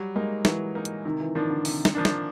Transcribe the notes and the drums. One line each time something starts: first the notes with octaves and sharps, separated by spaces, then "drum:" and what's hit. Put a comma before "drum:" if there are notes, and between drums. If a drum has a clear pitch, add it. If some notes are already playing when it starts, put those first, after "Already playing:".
Already playing: F#3 G3
G#3 A#3 D#4
E3 F#3, drum: snare
A#3 D#4
drum: hi-hat
C3 D#3
E3
D#3 F3 A#3 D4
D3
C3, drum: open hi-hat
drum: snare
F3 A#3 D4
drum: snare